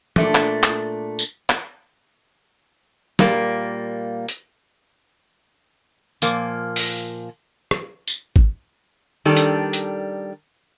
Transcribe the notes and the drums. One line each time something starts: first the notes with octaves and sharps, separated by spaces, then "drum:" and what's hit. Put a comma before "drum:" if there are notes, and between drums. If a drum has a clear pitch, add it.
A#2 A3 D4, drum: tom
drum: clap
drum: clap
drum: tambourine
drum: clap
A#2 G3 A#3, drum: snare
drum: hi-hat
A#2 F3 A#3, drum: tambourine
drum: open hi-hat
drum: rim click
drum: tambourine
drum: kick G#1
D#3 G3 D4 A4
drum: hi-hat
drum: hi-hat